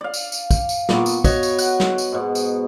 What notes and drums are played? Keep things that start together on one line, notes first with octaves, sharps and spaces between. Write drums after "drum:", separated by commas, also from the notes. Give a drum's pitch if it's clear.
D5 F5
drum: tambourine
drum: tambourine
drum: kick, tambourine
drum: tambourine
A#2 B3 C#6, drum: snare
drum: tambourine
F#4 C#5 D#5, drum: kick, tambourine
drum: tambourine
F#5, drum: tambourine
drum: snare
drum: tambourine
G#2 B2
drum: tambourine